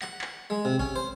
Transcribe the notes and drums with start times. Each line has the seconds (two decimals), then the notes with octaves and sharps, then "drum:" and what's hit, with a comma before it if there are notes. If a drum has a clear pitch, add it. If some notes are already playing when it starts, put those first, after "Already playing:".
0.02 F#5, drum: clap
0.21 drum: clap
0.50 G#3
0.65 C3
0.79 C#4, drum: kick G#1
0.96 C5